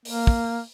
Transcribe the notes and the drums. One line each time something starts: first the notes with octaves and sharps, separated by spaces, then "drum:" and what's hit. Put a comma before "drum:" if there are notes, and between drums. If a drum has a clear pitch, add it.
A#3, drum: open hi-hat
drum: kick